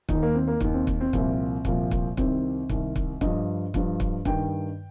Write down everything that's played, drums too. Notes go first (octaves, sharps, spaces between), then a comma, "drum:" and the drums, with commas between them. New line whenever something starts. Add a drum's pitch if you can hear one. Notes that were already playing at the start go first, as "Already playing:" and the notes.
D#2 D#3 D#4, drum: kick
A#3
C4
A#3
D#2 D#3, drum: kick
C4
drum: kick
C4
C2 A#2 F3, drum: kick
C2 A#2 F3, drum: kick
drum: kick
C2 C3 D#3 C4, drum: kick
C2 C3 D#3, drum: kick
drum: kick
G2 F3 D#5, drum: kick
G2 F3, drum: kick
drum: kick
G2 D#3 G5, drum: kick